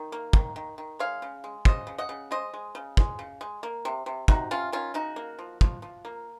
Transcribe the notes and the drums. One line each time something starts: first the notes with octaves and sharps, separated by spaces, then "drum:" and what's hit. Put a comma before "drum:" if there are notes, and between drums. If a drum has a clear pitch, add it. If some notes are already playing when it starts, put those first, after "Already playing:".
Already playing: D#3
A#3
D#3, drum: kick
D#3
D#3
G#3 C#5 F5
C#3
G#3
C#3 C5 D#5, drum: kick
C#3
D#5 F#5
C#3
G#3 C5 D#5
G#3
C#3
G#3, drum: kick
C#3
G#3
A#3
C3
C3
C3 D#4 F#4, drum: kick
C3 C#4 F4
D#3 C#4 F4
C#3 D#4 F#4
A#3
F3
F3, drum: kick
F3
A#3